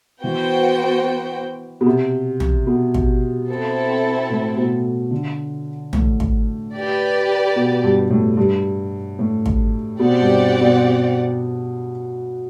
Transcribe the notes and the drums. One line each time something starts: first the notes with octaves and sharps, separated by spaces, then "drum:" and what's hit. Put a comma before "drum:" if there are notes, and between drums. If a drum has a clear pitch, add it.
E3 B3 F#4 C5 G5
B2
C3
drum: tom
B2
drum: kick
C4 E4 A4
A2
B2
D3
A2, drum: tom
drum: kick
G4 B4 D5
B2
G2
A2
G2
A2
drum: kick
B2 C4 G4 D5 F#5
G2
B2